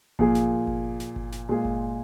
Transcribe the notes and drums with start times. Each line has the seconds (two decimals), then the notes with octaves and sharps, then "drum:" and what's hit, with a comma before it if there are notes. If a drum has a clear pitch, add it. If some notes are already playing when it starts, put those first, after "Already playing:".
0.19 A#2 F3 A#3 G#4, drum: kick G1
0.35 drum: snare
0.67 drum: kick G1
1.00 drum: snare
1.16 drum: kick G1
1.32 drum: snare
1.49 A#2 G#3 F4 G#4
1.65 drum: kick G1